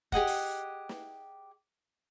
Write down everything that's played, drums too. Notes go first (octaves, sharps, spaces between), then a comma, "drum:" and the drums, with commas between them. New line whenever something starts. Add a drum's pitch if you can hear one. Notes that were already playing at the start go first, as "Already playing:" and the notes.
G4 G#4 D#5 F#5, drum: kick
drum: open hi-hat
drum: snare